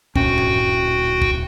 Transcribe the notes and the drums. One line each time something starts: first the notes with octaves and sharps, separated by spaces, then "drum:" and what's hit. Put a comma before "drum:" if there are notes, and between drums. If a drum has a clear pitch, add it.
D1 A#2 C#4 F#4 G5, drum: kick
drum: tom G2
drum: kick